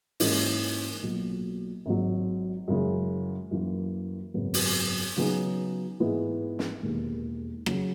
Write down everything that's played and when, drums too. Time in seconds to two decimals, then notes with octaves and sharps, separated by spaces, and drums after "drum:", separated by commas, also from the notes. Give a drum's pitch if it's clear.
0.20 G#2 E3 A#3 C#4 E4, drum: open hi-hat
1.02 B1 A#2 F#3
1.86 G#1 G#2 F#3
2.68 F#2 C#3 E3 G#3
3.51 F#2 E3 A#3
4.34 G#1 F#2 C#3 F#3 B3
4.54 drum: open hi-hat
5.17 C#3 F#3 B3 D#4 G#4
6.00 G#2 E3 G#3 B3 E4
6.59 drum: snare
6.82 E1 D#2 D#3 G#3
7.66 C#3 F#3 C#4 F#4, drum: rim click